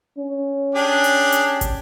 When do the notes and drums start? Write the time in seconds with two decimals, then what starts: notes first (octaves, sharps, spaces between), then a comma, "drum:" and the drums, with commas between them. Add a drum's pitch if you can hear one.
0.18 C#4
0.75 D4 G4 G#4
1.04 drum: open hi-hat
1.32 drum: hi-hat
1.61 drum: kick, hi-hat